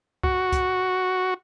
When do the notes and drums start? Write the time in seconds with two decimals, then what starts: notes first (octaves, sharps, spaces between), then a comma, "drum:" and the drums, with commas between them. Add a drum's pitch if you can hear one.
0.24 F#4, drum: kick
0.52 drum: kick, hi-hat